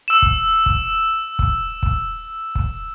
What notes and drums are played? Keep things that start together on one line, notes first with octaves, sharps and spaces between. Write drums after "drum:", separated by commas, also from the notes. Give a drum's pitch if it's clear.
E6 E7
drum: kick
drum: kick
drum: kick
drum: kick
drum: kick